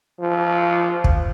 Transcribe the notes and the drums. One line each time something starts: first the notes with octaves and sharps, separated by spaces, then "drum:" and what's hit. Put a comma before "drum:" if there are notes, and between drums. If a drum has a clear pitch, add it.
F3
drum: kick